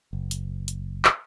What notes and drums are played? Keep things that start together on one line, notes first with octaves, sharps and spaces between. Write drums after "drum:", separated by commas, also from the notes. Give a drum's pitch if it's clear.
F#1
drum: hi-hat
drum: hi-hat
drum: clap